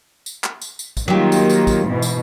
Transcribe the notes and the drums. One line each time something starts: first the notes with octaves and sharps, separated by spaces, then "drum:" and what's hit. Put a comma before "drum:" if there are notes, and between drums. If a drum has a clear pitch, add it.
drum: tambourine
drum: clap
drum: tambourine
drum: tambourine
drum: kick, tambourine
D#3 F#3 A#3 F4 G4
drum: tambourine
drum: tambourine
drum: kick, tambourine
G#2 B2 E3
drum: tambourine